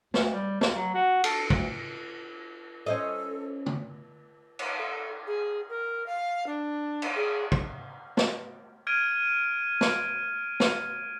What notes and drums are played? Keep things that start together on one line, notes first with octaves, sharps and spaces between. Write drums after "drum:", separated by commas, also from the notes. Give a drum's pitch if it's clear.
D2, drum: snare
G3
D#2, drum: snare
F#3
F#4
A4, drum: cymbal
D2, drum: kick
C#4 A4 C5 D#5
drum: tom
drum: cymbal
A4
G#4
A#4
F5
D4
drum: cymbal
G#4
drum: kick
drum: snare
F6 G#6 D7 D#7
drum: snare
drum: snare